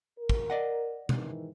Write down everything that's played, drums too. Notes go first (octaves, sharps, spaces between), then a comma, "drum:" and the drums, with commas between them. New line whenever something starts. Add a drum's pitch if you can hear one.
A#4
drum: kick
D5 D#5 F#5
G#2 D#3 E3, drum: tom B2